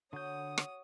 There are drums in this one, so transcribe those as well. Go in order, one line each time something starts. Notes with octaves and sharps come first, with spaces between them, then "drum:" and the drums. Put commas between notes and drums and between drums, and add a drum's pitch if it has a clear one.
D3 F#4 C#5 D#6 G6
drum: rim click